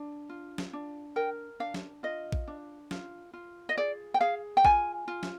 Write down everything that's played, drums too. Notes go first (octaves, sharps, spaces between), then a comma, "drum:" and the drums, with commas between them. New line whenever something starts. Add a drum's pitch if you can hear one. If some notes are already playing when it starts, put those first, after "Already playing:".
Already playing: D4
F4
drum: snare
D4
A#4 G5
D4 F5
drum: snare
F4 D#5
drum: kick A#1
D4
F4, drum: snare
F4
D#5
G#4 D5
G5
G#4 F5
G5
F4 G#5, drum: kick A#1
F4
drum: snare